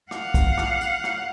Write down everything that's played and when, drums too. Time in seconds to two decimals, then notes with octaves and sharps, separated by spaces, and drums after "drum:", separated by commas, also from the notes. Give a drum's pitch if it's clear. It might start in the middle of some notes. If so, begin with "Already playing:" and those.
0.11 F5 F#5, drum: rim click
0.34 drum: kick, hi-hat
0.58 drum: rim click
0.81 drum: hi-hat
1.04 drum: rim click